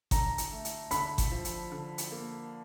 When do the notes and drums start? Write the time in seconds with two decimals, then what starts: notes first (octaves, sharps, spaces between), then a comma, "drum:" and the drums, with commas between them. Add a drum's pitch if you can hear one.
0.11 D3 A#5, drum: kick G1, hi-hat
0.38 drum: hi-hat
0.52 A3
0.65 drum: hi-hat
0.91 D3 B5, drum: hi-hat
1.18 drum: kick G1, hi-hat
1.32 F3
1.45 drum: hi-hat
1.72 D3
1.98 drum: hi-hat
2.12 A#3